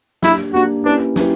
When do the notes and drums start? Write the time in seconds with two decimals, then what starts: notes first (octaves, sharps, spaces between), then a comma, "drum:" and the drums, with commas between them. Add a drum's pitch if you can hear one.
0.23 A#3 D4 E4 G4, drum: snare
0.53 A#3 D4 F#4 G4
0.85 A#3 C#4 D4 E4 G4 B4
1.16 A#3 C#4 E4 G4 B4, drum: snare